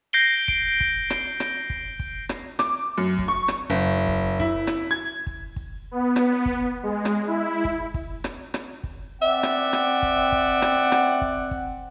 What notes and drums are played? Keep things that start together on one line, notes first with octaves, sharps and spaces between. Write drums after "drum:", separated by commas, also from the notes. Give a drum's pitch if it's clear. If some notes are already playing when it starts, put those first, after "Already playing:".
G6 A#6 C7 D7 G7
D7, drum: kick
drum: kick
drum: rim click
drum: rim click
drum: kick
drum: kick
drum: rim click
D6, drum: rim click
F#2
drum: kick
C#6
drum: rim click
F#1
drum: kick
E4, drum: kick
drum: rim click
G#6
drum: kick
drum: kick
B3
drum: rim click
drum: kick
G#3
drum: rim click
E4
drum: kick
drum: kick
drum: rim click
drum: rim click
drum: kick
C4 D5 E5 F#5
drum: rim click
drum: rim click
drum: kick
drum: kick
drum: rim click
drum: rim click
drum: kick
drum: kick